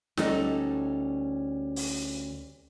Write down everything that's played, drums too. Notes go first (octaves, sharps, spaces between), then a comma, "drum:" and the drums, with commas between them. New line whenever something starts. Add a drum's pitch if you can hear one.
D2 G3 C#4 D#4 A4 D5, drum: snare
drum: open hi-hat